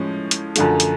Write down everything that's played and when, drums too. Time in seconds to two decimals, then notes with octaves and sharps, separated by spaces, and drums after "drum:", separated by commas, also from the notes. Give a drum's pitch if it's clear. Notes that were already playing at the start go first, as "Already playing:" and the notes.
Already playing: A2 F3 G#3 C#4
0.31 drum: hi-hat
0.56 F#2 D3 F3 A3, drum: hi-hat
0.80 drum: hi-hat